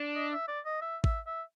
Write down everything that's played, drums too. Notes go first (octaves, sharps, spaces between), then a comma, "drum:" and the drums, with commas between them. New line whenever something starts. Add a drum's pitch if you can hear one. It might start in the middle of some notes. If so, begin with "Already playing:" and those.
Already playing: D4
D#5
E5
D5
D#5
E5
E5, drum: kick
E5